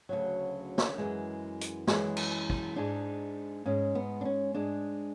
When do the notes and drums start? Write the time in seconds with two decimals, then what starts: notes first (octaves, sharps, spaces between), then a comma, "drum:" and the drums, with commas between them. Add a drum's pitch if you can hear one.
0.09 D2 C#3 F#3
0.78 drum: snare
0.98 F#2 E3 G#3
1.61 drum: hi-hat
1.87 F#2 E3 G#3, drum: snare
2.17 drum: cymbal
2.50 drum: kick
2.76 G#2 G#3 D4
3.66 G#2 G#3 C#4
3.95 B3
4.21 D4
4.25 C#4
4.54 G#2 G#3 D4